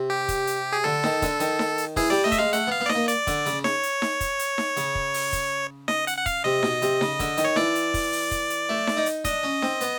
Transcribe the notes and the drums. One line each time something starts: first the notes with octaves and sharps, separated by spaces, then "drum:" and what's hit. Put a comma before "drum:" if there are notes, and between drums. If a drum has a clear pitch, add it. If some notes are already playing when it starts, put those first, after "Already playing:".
Already playing: C3
G4
drum: kick, hi-hat
drum: hi-hat
G#4
D3 A4
D#3, drum: snare D#4
D3, drum: kick, hi-hat
D#3, drum: hi-hat
drum: snare D#4
drum: hi-hat
E3 G#4, drum: kick, open hi-hat
G3 D5
A3 D#5
E5, drum: kick, hi-hat
G#3 F5
A3 F#5, drum: hi-hat
B3
F5
B3
D5
D#5, drum: snare D#4
A#3
D5, drum: hi-hat
D3, drum: kick, hi-hat
C#3, drum: hi-hat
C#5, drum: snare D#4
drum: hi-hat
drum: snare D#4
drum: kick, hi-hat
drum: hi-hat
drum: snare D#4
C#3, drum: hi-hat
drum: kick
drum: open hi-hat
drum: kick, hi-hat
D#5, drum: snare D#4
F#5, drum: hi-hat
F#5
F5, drum: kick, hi-hat
C3 D#5
B2, drum: snare D#4
C3, drum: hi-hat
C#3, drum: snare D#4
D3, drum: kick, hi-hat
D#3, drum: hi-hat
C#5
E3 D5, drum: snare D#4
drum: hi-hat
drum: kick, open hi-hat
drum: open hi-hat
drum: kick, hi-hat
drum: hi-hat
A3
drum: snare D#4
D#4
drum: hi-hat
D4 D#5, drum: kick, hi-hat
C#4
C4, drum: snare D#4
B3, drum: hi-hat